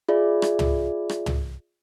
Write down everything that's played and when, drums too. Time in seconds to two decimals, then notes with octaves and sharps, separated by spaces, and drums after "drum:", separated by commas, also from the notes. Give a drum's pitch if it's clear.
0.09 F4 G#4 D5 E5
0.42 drum: rim click
0.59 drum: tom
1.09 drum: rim click
1.26 drum: tom